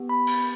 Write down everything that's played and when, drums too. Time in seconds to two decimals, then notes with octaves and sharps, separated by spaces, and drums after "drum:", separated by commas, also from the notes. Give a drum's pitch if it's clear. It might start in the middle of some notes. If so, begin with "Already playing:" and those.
Already playing: B3 G4
0.09 B5
0.27 drum: cymbal